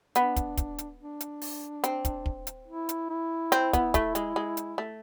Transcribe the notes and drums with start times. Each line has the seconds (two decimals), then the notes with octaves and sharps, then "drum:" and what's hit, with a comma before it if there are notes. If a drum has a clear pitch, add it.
0.15 B3 D4, drum: hi-hat
0.36 drum: kick, hi-hat
0.57 drum: kick, hi-hat
0.78 drum: hi-hat
0.99 D4
1.21 drum: hi-hat
1.42 drum: open hi-hat
1.84 C4, drum: hi-hat
2.05 drum: kick, hi-hat
2.26 drum: kick
2.47 drum: hi-hat
2.68 E4
2.89 drum: hi-hat
3.10 E4
3.52 C4, drum: hi-hat
3.73 B3, drum: kick, hi-hat
3.94 A3, drum: kick, hi-hat
4.15 G#3, drum: hi-hat
4.36 G#3
4.57 drum: hi-hat
4.78 A3